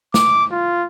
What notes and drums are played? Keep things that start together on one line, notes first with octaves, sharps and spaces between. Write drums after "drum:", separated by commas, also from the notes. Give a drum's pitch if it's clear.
D6, drum: snare
F4